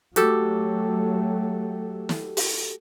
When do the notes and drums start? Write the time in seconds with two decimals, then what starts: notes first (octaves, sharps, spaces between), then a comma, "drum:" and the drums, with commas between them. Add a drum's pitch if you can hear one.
0.16 F#3 A3 F#4 G4 A4, drum: hi-hat
2.09 drum: snare
2.37 drum: open hi-hat